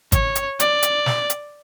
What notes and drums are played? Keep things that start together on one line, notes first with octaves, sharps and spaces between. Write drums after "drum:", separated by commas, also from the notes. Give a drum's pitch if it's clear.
C#5, drum: kick G#1, hi-hat
drum: hi-hat
D5, drum: hi-hat
drum: hi-hat
drum: snare
drum: hi-hat